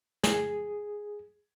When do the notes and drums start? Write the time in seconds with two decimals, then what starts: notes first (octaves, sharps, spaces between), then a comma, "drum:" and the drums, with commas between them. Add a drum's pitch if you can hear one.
0.23 G#4, drum: snare